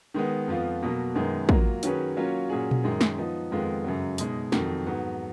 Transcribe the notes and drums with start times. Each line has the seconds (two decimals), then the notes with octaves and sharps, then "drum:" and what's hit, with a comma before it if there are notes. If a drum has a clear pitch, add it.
0.14 D#3 G#3 B3
0.48 F2 F3 B3 F4
0.83 B2 F#3 A#3
1.15 F#2 D#3 G#3 B3
1.49 F#3 A#3 F4, drum: kick
1.83 D#3 F#3 C#4 G#4 B4, drum: hi-hat
2.17 F#3 A#3 C#4 F4
2.50 A#2 F#3 C#4 G#4
2.71 drum: tom A#2
2.83 F#2 D#3 G#3
3.01 drum: snare
3.18 F3 B3 D#4
3.51 F2 D#3 G#3 B3 F4
3.84 F#2 C#3 F#3
4.18 B2 G#3 D#4, drum: hi-hat
4.52 F2 D#3 F#3, drum: snare
4.86 G#2 F#3 B3